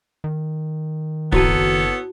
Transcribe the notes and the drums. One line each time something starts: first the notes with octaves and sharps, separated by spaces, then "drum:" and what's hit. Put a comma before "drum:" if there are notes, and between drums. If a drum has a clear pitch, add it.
D#3
F#1 B3 E4 F#4 A4 C#5 A5, drum: kick D1